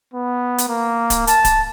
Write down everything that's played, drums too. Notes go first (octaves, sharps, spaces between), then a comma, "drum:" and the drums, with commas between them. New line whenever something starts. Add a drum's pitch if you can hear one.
B3
drum: hi-hat
A#3
drum: kick D1, hi-hat
A5, drum: hi-hat
drum: kick D1, hi-hat